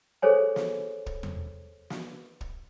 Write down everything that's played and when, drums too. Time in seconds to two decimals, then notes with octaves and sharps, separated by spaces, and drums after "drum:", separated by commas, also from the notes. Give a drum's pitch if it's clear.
0.22 G#4 A4 C5 C#5 G#5
0.56 drum: snare
1.06 drum: kick
1.23 drum: tom E2
1.90 drum: snare
2.41 drum: kick